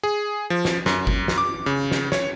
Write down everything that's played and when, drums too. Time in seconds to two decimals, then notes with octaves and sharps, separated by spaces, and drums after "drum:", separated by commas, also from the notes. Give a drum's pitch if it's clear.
0.03 G#4
0.50 F3
0.65 drum: snare
0.86 F#2, drum: snare
1.07 drum: kick G1
1.28 drum: snare
1.38 D6
1.66 C#3
1.91 drum: snare
2.12 C#5, drum: snare